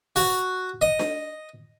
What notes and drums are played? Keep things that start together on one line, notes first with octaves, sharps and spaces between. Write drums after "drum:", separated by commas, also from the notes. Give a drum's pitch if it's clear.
F#4, drum: open hi-hat
D#5
drum: snare D4